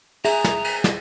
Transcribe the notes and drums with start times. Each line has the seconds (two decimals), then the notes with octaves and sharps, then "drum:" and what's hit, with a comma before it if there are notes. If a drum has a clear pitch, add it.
0.25 G#4 E5 A#5, drum: cymbal
0.44 drum: snare
0.64 drum: cymbal
0.84 drum: snare